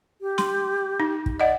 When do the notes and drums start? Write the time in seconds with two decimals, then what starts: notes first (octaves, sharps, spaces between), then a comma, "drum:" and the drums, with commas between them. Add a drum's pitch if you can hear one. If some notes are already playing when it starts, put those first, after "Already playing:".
0.21 G4
0.38 C6, drum: snare
1.00 D#4
1.26 drum: kick
1.40 D5 D#5 F#5